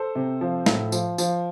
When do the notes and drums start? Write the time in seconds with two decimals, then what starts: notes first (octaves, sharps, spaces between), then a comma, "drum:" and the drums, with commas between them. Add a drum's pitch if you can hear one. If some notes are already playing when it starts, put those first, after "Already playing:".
Already playing: A4 C5
0.15 C3
0.41 F3
0.66 A2, drum: snare
0.92 F3, drum: tambourine
1.18 F3, drum: tambourine